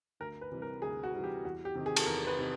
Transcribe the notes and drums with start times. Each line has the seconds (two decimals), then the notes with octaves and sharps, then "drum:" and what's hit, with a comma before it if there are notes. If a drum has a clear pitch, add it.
0.20 D2 A#4
0.41 B4
0.52 C3 E3 G3
0.62 A#4
0.82 D2 G#4
1.03 F#4
1.14 C3 E3 G3
1.24 G4
1.45 E2 F#4
1.65 G4
1.75 C3 D#3
1.86 G#4
1.96 A4, drum: cymbal
2.06 E2 A#4
2.27 B4
2.38 C3 D#3